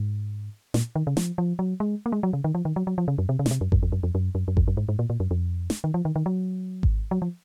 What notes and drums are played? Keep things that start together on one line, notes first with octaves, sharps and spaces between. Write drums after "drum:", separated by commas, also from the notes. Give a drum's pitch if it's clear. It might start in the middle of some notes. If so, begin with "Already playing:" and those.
Already playing: G#2
A#2, drum: snare
D#3
C#3
F3, drum: snare
F3
F#3
G#3
A#3
G#3
F#3
C#3
D#3
F3
D#3
F#3
F#3
F3
C#3
F#2
C3
C#3
A#2, drum: snare
C3
F#2
F#2, drum: kick G#1
F2
F#2
F2
F#2
F#2
F#2
F2, drum: kick G#1
F#2
G#2
G#2
A#2
A#2
F#2
F2
drum: snare
D#3
F3
D#3
D#3
F#3
drum: kick G#1
F#3
F3